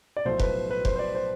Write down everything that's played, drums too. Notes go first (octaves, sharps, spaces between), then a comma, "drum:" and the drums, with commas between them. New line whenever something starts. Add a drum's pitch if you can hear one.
D5
B1 A2 F3 C5
B4, drum: kick F1
B4
C5, drum: kick F1
C5
D5
C5